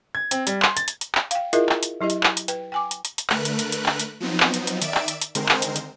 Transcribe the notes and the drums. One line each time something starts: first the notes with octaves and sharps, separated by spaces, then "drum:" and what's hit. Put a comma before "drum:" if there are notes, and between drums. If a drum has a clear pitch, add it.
G#6
C4, drum: hi-hat
G3, drum: hi-hat
C6, drum: clap
A6, drum: hi-hat
drum: hi-hat
drum: hi-hat
drum: clap
F5 G5, drum: hi-hat
E4 F4 G#4 A#4 D#5 E5, drum: hi-hat
drum: clap
drum: hi-hat
F#3 E4 G4 D#5
drum: hi-hat
drum: clap
drum: hi-hat
B4 G5, drum: hi-hat
G5 G#5 D6
drum: hi-hat
drum: hi-hat
drum: hi-hat
D3 A3 A#4 B4 F#6, drum: clap
drum: hi-hat
drum: hi-hat
drum: hi-hat
drum: clap
drum: hi-hat
F3 F#3 B3 C4 D#4
drum: clap
drum: hi-hat
drum: hi-hat
D#3 D5 E5 D7 E7, drum: hi-hat
drum: clap
drum: hi-hat
drum: hi-hat
D3 D#3 G#3 C4 A#4 C5, drum: hi-hat
drum: clap
drum: hi-hat
drum: hi-hat